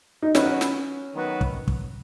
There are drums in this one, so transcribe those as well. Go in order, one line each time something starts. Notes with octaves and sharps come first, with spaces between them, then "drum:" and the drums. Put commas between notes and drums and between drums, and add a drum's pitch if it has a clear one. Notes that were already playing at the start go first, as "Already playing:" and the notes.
D#4
D#3 F#3 B3 C#4 F#4 B4, drum: snare
drum: snare
D#3 F#3 B3 F#4 B4
drum: kick
drum: kick